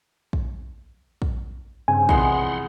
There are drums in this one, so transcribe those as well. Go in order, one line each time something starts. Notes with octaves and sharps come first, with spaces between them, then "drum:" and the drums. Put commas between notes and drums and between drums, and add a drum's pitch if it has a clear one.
drum: kick
drum: kick
G2 C#3 C4 G#5
C2 F2 E3 G#3 B3 F#5 C6, drum: kick